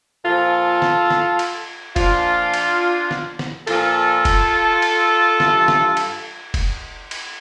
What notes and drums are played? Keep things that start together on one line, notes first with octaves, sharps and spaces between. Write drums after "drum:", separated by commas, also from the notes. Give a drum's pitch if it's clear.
A#2 F3 F4 A4
drum: snare
drum: snare
drum: cymbal
A#2 F3 D4 F4, drum: kick F1, cymbal
drum: cymbal
drum: snare
drum: snare
A#2 F3 F4 A4, drum: cymbal
drum: kick F1, cymbal
drum: cymbal
G2 E3, drum: snare
drum: snare
drum: cymbal
drum: kick F1, cymbal
drum: cymbal